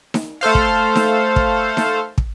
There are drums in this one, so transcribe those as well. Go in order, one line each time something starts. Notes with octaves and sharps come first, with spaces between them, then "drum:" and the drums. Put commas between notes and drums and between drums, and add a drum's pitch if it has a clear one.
drum: snare D#4
A3 A4 C5 F5
drum: kick
drum: snare D#4
drum: kick
drum: snare D#4
drum: kick